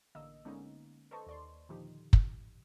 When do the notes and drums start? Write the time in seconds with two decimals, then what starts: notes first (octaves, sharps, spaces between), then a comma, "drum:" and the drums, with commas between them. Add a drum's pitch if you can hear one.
0.15 A1 D3 A#3 D#5 E6
0.45 D3 G#3 A#3 B3 C#4 D#4
1.11 A4 B4 C5 D#5 A5 C#6
1.27 D#2 D5 C6
1.69 A#2 D3 D#3 F3 D#4 G4
2.13 drum: kick